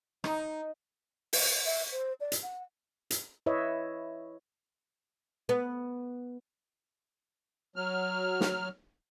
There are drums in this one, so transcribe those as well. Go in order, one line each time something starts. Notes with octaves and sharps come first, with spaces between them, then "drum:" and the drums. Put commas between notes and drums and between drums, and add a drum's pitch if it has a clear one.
D#4, drum: rim click
drum: open hi-hat
E5
C5
D5
drum: hi-hat
F#5
drum: hi-hat
E4 B4 C#5 D#5 E5
B3
F#3 F6
drum: snare